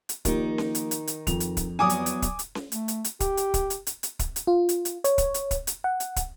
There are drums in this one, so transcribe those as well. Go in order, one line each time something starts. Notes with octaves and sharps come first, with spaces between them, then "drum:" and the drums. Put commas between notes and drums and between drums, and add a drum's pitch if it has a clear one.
drum: hi-hat
D#3 F3 A#3 D#4 G4, drum: kick, hi-hat
drum: snare C#4
drum: hi-hat
drum: hi-hat
drum: hi-hat
F2 F7, drum: kick, hi-hat
drum: hi-hat
drum: kick, hi-hat
E2 F#3 B3 G#5 D6 D#6
drum: hi-hat
drum: hi-hat
drum: kick, hi-hat
drum: hi-hat
drum: snare C#4
A3, drum: hi-hat
drum: hi-hat
drum: hi-hat
G4, drum: kick, hi-hat
drum: hi-hat
drum: kick, hi-hat
drum: hi-hat
drum: hi-hat
drum: hi-hat
drum: kick, hi-hat
drum: hi-hat
F4
drum: hi-hat
drum: hi-hat
C#5, drum: hi-hat
drum: kick, hi-hat
drum: hi-hat
drum: kick, hi-hat
drum: hi-hat
F#5
drum: hi-hat
drum: kick, hi-hat